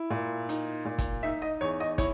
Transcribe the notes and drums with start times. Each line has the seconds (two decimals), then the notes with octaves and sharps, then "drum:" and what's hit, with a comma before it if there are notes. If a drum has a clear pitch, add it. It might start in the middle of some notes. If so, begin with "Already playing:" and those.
Already playing: E4
0.10 A#2
0.49 D#4, drum: hi-hat
0.85 A#2
0.98 drum: kick, hi-hat
1.23 D#4 E5
1.42 D#5
1.61 E2 C#5
1.80 D#5
1.98 E4 C#5, drum: kick, hi-hat